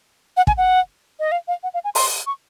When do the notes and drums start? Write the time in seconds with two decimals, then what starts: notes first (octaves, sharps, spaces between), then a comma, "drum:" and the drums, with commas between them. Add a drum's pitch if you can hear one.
0.37 F#5
0.47 G#5, drum: kick
0.57 F#5
1.19 D#5
1.32 F5
1.48 F5
1.63 F#5
1.74 F5
1.84 G#5
1.95 C6, drum: open hi-hat
2.26 C#6